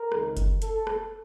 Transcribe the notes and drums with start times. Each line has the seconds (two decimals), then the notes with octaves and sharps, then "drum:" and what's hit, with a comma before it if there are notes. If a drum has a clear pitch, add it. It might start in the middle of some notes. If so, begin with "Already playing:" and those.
Already playing: A#4
0.12 C#2 C3 D#3, drum: rim click
0.37 drum: kick F#1, hi-hat
0.62 A4, drum: hi-hat
0.87 drum: rim click